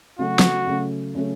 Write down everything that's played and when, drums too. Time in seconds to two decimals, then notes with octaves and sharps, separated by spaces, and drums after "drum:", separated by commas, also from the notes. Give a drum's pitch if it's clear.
0.19 C#3 F#3 A3 C#4 F#4
0.39 drum: snare
0.67 C#3 F#3 A3 C#4
1.15 C#3 F#3 A3 C#4